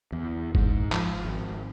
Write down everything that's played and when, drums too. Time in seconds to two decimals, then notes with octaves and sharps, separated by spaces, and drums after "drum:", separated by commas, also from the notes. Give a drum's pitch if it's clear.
0.12 E2
0.55 G#2, drum: kick G1
0.92 F3, drum: clap
1.25 G#1